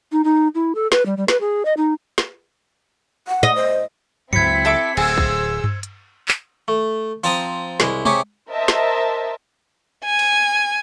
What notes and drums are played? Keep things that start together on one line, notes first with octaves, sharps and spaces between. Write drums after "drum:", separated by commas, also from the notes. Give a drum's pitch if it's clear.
D#4
D#4
E4
A4
B4, drum: snare
G3
G3
B4, drum: snare
G#4
D#5
D#4
drum: snare
F#5
D#5
C5
C#2 F#3 C4 E4 G#6 B6 C#7, drum: tom G2
A4 E5 D6
D1 G#4 C5 E6, drum: cymbal
drum: kick
drum: tom G2
drum: hi-hat
drum: clap
A3
F3 C4 A5 A#5 D#6, drum: open hi-hat
C2 G#3 E4, drum: snare
C3 G4 G#4 C#5 E5 D6, drum: tom
A#4 C5 D#5 E5 A5
drum: snare
G#5
drum: cymbal